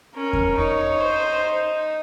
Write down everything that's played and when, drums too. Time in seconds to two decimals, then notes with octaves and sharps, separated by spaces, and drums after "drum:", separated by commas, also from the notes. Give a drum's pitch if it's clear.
0.15 C#4 A#4
0.33 drum: kick E2
0.58 D#4 C#5
1.01 C5